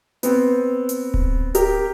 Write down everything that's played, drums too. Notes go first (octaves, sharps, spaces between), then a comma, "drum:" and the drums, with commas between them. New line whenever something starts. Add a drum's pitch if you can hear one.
B3 C4, drum: hi-hat
drum: hi-hat
drum: kick D1
G4 A#4, drum: hi-hat